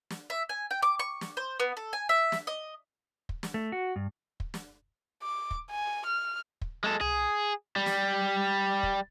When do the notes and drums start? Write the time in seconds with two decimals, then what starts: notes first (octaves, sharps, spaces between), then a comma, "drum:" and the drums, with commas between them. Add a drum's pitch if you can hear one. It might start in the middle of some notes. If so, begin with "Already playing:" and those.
0.10 drum: snare
0.30 E5
0.49 G#5
0.71 G5
0.82 D6
0.99 C#6
1.21 drum: snare
1.37 C5
1.60 B3
1.77 A4
1.93 G#5
2.09 E5
2.32 drum: snare
2.47 D#5
3.29 drum: kick
3.43 drum: snare
3.54 A3
3.72 F#4
3.96 G2
4.40 drum: kick
4.54 drum: snare
5.23 D6
5.51 drum: kick
5.71 G#5
6.06 F6
6.61 drum: kick
6.84 G#3 A4
7.01 G#4, drum: tom C2
7.76 G3
7.86 drum: snare
8.83 drum: kick